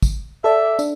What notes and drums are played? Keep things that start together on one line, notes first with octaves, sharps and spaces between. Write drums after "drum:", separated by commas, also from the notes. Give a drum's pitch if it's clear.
drum: kick, tambourine
A4 D5 E5
D4, drum: tambourine